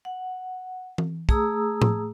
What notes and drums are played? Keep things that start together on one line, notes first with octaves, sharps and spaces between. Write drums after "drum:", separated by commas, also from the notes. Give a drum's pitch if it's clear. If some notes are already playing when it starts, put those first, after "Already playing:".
F#5
drum: tom E3
A3 G#4 A#5 D#6 E6, drum: kick
drum: tom A2